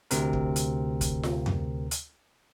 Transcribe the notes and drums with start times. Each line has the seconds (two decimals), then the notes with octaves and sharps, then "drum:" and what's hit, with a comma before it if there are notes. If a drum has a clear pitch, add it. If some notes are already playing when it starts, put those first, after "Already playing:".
0.11 D2 C3 C4 A#4, drum: hi-hat
0.33 drum: kick
0.56 drum: hi-hat
1.01 drum: kick, hi-hat
1.23 drum: snare F4
1.46 drum: tom F2
1.91 drum: hi-hat